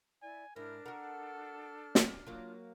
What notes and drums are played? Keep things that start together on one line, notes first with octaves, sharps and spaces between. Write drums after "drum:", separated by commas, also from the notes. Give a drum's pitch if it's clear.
E4 D5 G#5
G#2 D4 E4 A#4 F6
F#4 A4 A#4 F#5
drum: snare
F#3 A#3 F4